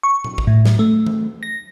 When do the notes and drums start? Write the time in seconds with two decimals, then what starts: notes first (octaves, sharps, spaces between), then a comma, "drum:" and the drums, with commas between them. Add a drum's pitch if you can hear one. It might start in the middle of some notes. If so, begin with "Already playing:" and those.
0.03 C#6
0.24 drum: tom A#2
0.38 drum: kick G#1
0.47 A2
0.65 drum: snare
0.79 A3
1.06 drum: tom E3
1.43 A#6